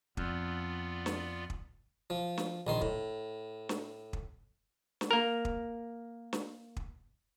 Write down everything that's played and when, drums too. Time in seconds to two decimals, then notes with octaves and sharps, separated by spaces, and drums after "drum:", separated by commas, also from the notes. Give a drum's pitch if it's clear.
0.17 F2 B3 F4 D5, drum: kick
1.06 drum: snare
1.50 drum: kick
2.10 F3
2.38 drum: snare
2.67 A#1 D#3 C6
2.81 A2, drum: kick
3.69 drum: snare
4.13 drum: kick
5.01 drum: snare
5.11 A#3 A#4
5.45 drum: kick
6.33 drum: snare
6.76 drum: kick